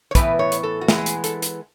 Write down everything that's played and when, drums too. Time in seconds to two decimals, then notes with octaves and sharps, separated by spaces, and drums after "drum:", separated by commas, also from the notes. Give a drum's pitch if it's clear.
0.11 C#5
0.15 A2 E3 B3 B4, drum: kick, hi-hat
0.39 C#5
0.52 drum: hi-hat
0.63 A4
0.81 F#4
0.88 E3 G#3 B3 G#4, drum: snare
1.06 drum: hi-hat
1.24 A4, drum: hi-hat
1.42 drum: hi-hat